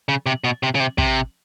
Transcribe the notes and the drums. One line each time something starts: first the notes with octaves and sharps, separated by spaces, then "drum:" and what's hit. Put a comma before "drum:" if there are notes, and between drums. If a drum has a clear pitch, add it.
C#3
C3
B2
C3
C#3
C3
C3, drum: kick